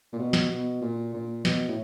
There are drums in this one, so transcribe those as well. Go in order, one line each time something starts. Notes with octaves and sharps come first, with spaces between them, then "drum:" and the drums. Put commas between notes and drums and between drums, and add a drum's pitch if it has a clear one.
A#2
B2
drum: snare
B2
A#2
A#2
B2, drum: snare
A2